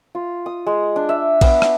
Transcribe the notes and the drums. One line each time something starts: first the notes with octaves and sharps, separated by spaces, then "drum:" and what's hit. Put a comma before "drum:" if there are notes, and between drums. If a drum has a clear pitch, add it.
F4
D#6
G#3
D4
E5
B3, drum: kick A#1, cymbal
drum: rim click